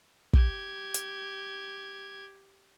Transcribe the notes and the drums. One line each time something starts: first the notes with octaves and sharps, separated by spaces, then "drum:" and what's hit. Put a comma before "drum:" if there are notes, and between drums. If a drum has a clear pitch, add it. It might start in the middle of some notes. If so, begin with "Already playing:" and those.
G4 G#6, drum: kick
drum: hi-hat